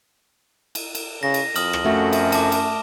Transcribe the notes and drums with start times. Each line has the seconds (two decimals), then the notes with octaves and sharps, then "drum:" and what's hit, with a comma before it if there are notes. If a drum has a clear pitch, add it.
0.75 drum: cymbal
0.95 drum: cymbal
1.23 C#3 A#6
1.34 drum: cymbal
1.56 F2 D#6 F6 F#7, drum: cymbal
1.73 drum: rim click
1.84 F#2 A3 F#4
2.13 drum: cymbal
2.32 A5 D6, drum: cymbal
2.52 drum: cymbal